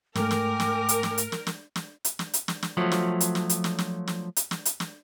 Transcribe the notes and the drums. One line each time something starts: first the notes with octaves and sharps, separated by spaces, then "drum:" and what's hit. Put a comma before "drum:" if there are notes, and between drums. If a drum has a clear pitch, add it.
G#2 A3 A#4 G5 G#5 D6, drum: snare
drum: snare
drum: snare
drum: hi-hat
drum: snare
drum: hi-hat
drum: snare
drum: snare
drum: snare
drum: hi-hat
drum: snare
drum: hi-hat
drum: snare
drum: snare
F3 F#3 A3
drum: snare
drum: hi-hat
drum: snare
drum: hi-hat
drum: snare
drum: snare
drum: snare
drum: hi-hat
drum: snare
drum: hi-hat
drum: snare